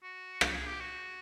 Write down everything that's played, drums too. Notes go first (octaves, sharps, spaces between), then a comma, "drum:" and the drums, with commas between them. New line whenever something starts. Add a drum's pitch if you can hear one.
F#4
drum: rim click
G#4
G4
F#4